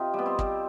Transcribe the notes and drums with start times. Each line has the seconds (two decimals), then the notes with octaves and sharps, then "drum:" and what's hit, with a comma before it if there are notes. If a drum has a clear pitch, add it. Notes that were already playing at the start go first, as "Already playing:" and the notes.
Already playing: C3 D#4 F4
0.14 G3 B3
0.26 C4
0.39 G3, drum: kick